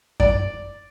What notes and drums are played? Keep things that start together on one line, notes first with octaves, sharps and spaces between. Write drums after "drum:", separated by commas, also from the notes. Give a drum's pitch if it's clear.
D5, drum: kick F#2